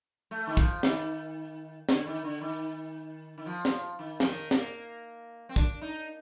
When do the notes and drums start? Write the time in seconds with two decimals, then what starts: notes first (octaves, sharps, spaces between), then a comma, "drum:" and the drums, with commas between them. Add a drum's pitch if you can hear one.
0.31 A3
0.47 D#3
0.57 F3, drum: kick
0.83 D#3, drum: snare
1.89 D3, drum: snare
2.07 D#3
2.24 D3
2.41 D#3
3.38 D#3
3.46 F3
3.65 drum: snare
3.99 D#3
4.20 F3, drum: snare
4.24 D#3
4.51 A#3, drum: snare
5.49 C4
5.56 D4, drum: kick
5.81 D#4